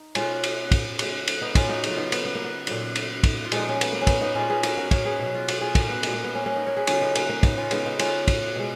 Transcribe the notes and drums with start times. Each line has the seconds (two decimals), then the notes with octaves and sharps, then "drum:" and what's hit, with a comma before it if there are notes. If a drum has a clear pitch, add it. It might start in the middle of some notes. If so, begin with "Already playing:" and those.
Already playing: D#4
0.15 B2 G#3 C#4 F4, drum: cymbal
0.43 drum: cymbal
0.71 drum: kick, cymbal
0.99 C#3 G#3, drum: cymbal
1.27 drum: cymbal
1.41 B3 D#4
1.55 C#4 F4, drum: kick, cymbal
1.69 D#4 F#4
1.84 C#3 F#3, drum: cymbal
1.91 F4
1.97 B3 D#4
2.12 B3, drum: cymbal
2.25 B3
2.35 A#3
2.44 B3
2.67 A#2 F#3, drum: cymbal
2.95 drum: cymbal
3.23 drum: kick, cymbal
3.45 F4
3.52 A#2 F3 G#3 D#4, drum: cymbal
3.69 C#4
3.81 B3, drum: cymbal
3.93 A#3
4.01 C#4
4.07 B3, drum: kick, cymbal
4.21 B3 D#4
4.35 A#2 G#3 C#4 F4
4.50 G#4 B4
4.63 F#4 A#4, drum: cymbal
4.77 F#4 A#4
4.91 A#4 C#5, drum: kick, cymbal
5.05 G#4 B4
5.19 B2 F#3
5.35 F4
5.48 F#4, drum: cymbal
5.61 F4 G#4
5.75 F#4 A#4, drum: kick, cymbal
5.89 B3
6.03 A#2 G#3 A#3, drum: cymbal
6.13 A#3
6.24 B3
6.35 A#3 C#4
6.46 A#3 C#4
6.56 B3 D#4
6.66 A#4 C#5
6.77 G#4 B4
6.87 C#3 F#3 C#4 F4, drum: cymbal
7.01 B3 D#4
7.15 A#3 C#4, drum: cymbal
7.29 A#3 C#4
7.43 B3 D#4, drum: kick, cymbal
7.57 C#4 F4
7.71 C#3 G#3 B3 D#4, drum: cymbal
7.86 B3 D#4
7.99 C#4 F4, drum: cymbal
8.28 drum: kick, cymbal
8.56 B2 G#3